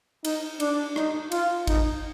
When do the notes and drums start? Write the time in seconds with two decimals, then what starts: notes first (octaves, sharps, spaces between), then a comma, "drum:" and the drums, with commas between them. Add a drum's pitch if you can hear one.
0.25 D#4, drum: cymbal
0.60 D4, drum: cymbal
0.96 D#4, drum: rim click
1.32 F4, drum: cymbal
1.67 D#4, drum: kick, cymbal